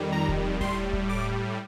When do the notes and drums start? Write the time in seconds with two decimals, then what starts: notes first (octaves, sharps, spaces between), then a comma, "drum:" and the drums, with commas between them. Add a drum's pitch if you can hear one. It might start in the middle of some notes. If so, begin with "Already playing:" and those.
Already playing: F2 D#3 G3
0.12 A#5
0.28 drum: kick D#1
0.61 A2 G3 C6, drum: kick D#1
0.93 drum: kick D#1
1.09 D6